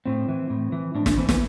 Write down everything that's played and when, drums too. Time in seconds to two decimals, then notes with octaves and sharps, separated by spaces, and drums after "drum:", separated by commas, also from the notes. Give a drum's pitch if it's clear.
0.05 A2 C4
0.29 E3
0.50 A2
0.72 E3
0.95 A2 D4
1.06 D4, drum: snare
1.17 E3 C4
1.29 B3, drum: snare